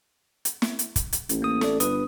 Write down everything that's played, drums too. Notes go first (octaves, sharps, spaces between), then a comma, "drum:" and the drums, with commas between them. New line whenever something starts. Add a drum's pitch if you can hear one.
drum: hi-hat
drum: snare
drum: hi-hat
drum: kick, hi-hat
drum: hi-hat
A1, drum: hi-hat
A#3 D#6
A4 D5, drum: snare
G1 B4 D#6, drum: hi-hat